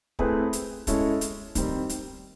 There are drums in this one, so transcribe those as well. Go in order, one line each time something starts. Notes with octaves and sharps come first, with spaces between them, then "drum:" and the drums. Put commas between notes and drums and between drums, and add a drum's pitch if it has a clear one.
A3 C4 E4 G#4 B4, drum: kick
drum: hi-hat
G#3 C#4 E4 A4, drum: kick, hi-hat
drum: hi-hat
D#3 G3 C4, drum: kick, hi-hat
drum: hi-hat